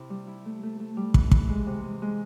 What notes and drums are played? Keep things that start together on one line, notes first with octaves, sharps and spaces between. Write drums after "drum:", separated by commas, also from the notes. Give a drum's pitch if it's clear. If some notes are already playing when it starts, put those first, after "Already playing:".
Already playing: C3 E4
G3
E4
A3
A3
A3
G3
E3, drum: kick
E3, drum: kick
G#3
C3
G#3
G#3